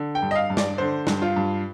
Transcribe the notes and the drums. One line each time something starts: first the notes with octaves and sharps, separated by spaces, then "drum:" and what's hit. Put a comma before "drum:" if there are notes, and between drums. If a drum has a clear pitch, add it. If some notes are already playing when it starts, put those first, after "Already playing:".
Already playing: D3
G5
G2
D#5
F5
G2
D5, drum: snare
D3 C5
G2, drum: snare
F4
G2